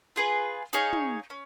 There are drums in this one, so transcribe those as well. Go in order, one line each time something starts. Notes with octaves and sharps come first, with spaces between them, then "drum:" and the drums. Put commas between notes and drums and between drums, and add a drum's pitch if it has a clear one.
F4 G#4 B4
D#4 G#4 C#5 F5, drum: hi-hat
drum: tom
C#4